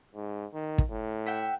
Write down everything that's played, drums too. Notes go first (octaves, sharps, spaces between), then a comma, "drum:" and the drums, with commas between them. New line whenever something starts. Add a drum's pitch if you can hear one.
G#2
D#3
drum: kick
A2
E5 F#5 G5